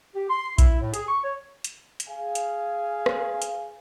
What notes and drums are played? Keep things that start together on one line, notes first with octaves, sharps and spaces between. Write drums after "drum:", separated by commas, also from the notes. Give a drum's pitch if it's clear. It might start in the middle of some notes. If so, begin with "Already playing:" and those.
G4
C6
E4, drum: kick A#1, hi-hat
A2
G#4, drum: hi-hat
C#6
C#5
drum: hi-hat
drum: hi-hat
G#4 F5 G#5
drum: hi-hat
drum: rim click
drum: hi-hat